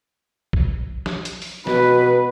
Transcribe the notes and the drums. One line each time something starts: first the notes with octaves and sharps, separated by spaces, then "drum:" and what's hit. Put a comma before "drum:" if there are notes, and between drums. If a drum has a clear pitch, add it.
drum: kick A#1
drum: snare
drum: hi-hat
drum: open hi-hat
B2 B4, drum: snare